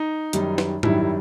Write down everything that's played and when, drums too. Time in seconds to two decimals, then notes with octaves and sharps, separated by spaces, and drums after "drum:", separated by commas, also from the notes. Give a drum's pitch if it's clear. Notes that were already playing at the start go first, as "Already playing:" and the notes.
Already playing: D#4
0.33 F#2 D#3 G3, drum: hi-hat
0.58 drum: snare
0.83 F#2 D#3 G3 E4, drum: tom G#2
0.98 E4